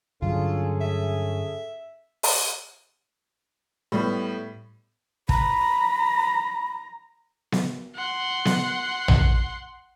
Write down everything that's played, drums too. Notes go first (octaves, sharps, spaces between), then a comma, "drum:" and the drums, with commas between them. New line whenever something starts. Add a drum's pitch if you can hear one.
G2 D3 F#3 C#4 F4 G#4 A4
E5
drum: open hi-hat
A2 G3 B3
A#5 B5, drum: kick
drum: snare B3
F#5 C6
drum: snare B3
drum: tom A#1